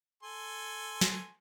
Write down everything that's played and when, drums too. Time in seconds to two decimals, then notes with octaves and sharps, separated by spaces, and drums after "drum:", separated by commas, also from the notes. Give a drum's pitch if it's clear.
0.23 A4 G#5 C6
1.01 drum: snare